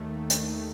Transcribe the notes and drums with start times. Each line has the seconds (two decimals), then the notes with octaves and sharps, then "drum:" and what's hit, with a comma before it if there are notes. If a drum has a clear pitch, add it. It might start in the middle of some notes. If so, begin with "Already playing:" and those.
Already playing: D#2 D#3 A3
0.30 drum: hi-hat